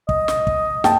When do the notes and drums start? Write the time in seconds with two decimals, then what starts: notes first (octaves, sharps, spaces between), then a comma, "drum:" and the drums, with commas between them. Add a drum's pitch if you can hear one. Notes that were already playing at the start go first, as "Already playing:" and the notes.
0.09 D#5, drum: kick
0.28 drum: snare
0.47 drum: kick
0.84 G5 A5, drum: snare